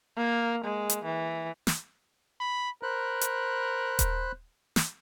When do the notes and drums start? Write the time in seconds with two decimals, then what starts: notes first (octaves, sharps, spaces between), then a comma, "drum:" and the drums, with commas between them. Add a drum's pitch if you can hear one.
0.18 A#3
0.64 G#3
0.90 drum: hi-hat
1.05 E3
1.67 drum: snare
2.41 B5
2.83 A#4 C5 B5 F#6
3.21 drum: hi-hat
3.99 drum: kick D#1, hi-hat
4.76 drum: snare